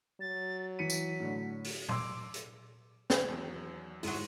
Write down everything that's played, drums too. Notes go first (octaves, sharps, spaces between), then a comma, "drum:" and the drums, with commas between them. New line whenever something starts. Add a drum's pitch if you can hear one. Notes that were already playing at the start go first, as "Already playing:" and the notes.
F#3 A6
E3 B6 C#7 D#7
drum: tambourine
A2 D3
drum: open hi-hat
C6 D6 E6, drum: tom A#2
drum: hi-hat
drum: snare
E2 D#3 F#3
D2 G#2 F#3 D#4 E4, drum: open hi-hat